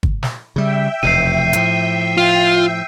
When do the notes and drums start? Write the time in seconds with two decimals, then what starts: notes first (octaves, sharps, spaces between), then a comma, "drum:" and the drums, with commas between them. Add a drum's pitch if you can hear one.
0.03 drum: kick
0.23 drum: snare
0.56 C#3 G3 E5 G5
1.03 F1 E2 B2 C7 D#7
1.53 A2 F3, drum: hi-hat
2.17 F4